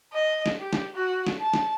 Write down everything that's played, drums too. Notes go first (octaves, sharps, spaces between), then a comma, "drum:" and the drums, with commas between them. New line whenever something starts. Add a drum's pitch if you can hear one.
D#5
drum: snare
G4
drum: snare
F#4
drum: snare
A5
drum: snare